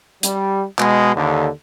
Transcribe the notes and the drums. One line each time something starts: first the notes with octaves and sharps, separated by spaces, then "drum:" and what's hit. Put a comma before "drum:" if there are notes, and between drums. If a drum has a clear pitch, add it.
G3, drum: hi-hat
B2 G#3, drum: clap
D#2 D3